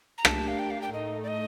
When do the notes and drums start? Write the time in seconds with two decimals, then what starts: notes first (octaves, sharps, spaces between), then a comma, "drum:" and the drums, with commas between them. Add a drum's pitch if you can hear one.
0.18 A#5
0.25 A3 D4 G4 A#4 A5, drum: rim click
0.48 F5
0.59 G5
0.71 F5
0.82 G5
0.93 A2 A3 D#4 D#5
1.24 D5
1.28 D#5